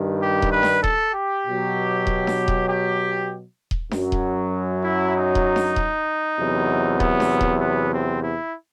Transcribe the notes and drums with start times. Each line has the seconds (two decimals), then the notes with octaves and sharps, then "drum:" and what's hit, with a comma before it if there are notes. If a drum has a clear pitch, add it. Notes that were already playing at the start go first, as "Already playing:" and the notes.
Already playing: G2 D#3 G3
0.22 G4
0.42 drum: kick D#1
0.52 B4
0.63 drum: snare D4
0.84 A4, drum: kick D#1
1.14 G4
1.46 B2 F#3
2.07 drum: kick D#1
2.27 drum: snare D4
2.48 drum: kick D#1
2.68 G4
3.71 drum: kick D#1
3.91 F#2 F#3, drum: snare D4
4.12 drum: kick D#1
4.84 E4
5.14 D#4
5.35 drum: kick D#1
5.56 drum: snare D4
5.76 drum: kick D#1
6.38 E2 C3 F#3
7.00 B3, drum: kick D#1
7.20 drum: snare D4
7.41 drum: kick D#1
7.61 B3
7.92 C4
8.23 E4